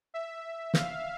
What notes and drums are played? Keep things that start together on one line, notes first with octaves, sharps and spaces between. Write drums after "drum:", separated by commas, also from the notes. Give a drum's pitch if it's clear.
E5
F5, drum: snare